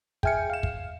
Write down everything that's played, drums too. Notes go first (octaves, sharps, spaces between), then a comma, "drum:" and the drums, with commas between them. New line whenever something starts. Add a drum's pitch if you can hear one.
G#4 E5 G5 G#5 F6 C#7, drum: kick
F5 E7
drum: kick